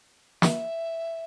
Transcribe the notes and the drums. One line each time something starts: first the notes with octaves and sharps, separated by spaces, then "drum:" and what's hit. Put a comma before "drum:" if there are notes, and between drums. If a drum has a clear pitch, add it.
E5, drum: snare